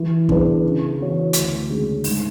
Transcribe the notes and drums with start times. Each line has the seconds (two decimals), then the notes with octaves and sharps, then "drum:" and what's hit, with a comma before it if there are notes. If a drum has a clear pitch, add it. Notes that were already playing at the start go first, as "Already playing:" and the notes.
Already playing: E3
0.29 B3 D4 G#4 B4, drum: kick
0.64 C#3
0.99 E3 B3 F#4 C#5
1.33 D2, drum: hi-hat
1.69 C#3 G#3 D4 G#4
2.04 G#2, drum: open hi-hat